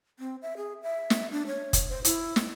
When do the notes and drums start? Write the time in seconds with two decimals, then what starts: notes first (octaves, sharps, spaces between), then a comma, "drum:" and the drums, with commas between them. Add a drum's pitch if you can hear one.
0.19 C4
0.42 E5
0.57 G#4
0.83 E5
1.10 drum: snare
1.31 D4
1.47 C#5
1.73 drum: kick F1, hi-hat
1.89 C5
2.05 E4, drum: hi-hat
2.36 drum: snare